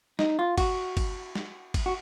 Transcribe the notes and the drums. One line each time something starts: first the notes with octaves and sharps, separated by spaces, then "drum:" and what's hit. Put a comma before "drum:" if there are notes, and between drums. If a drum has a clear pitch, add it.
D#4, drum: snare
F4
F#4, drum: kick G1, cymbal
drum: kick G1, cymbal
drum: snare
drum: kick G1, cymbal
F#4